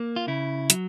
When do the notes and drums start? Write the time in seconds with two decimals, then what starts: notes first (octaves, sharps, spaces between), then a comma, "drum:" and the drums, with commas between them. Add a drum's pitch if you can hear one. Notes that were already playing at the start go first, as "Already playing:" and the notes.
Already playing: A#3
0.16 F4
0.28 C#3 E4
0.70 F#3, drum: hi-hat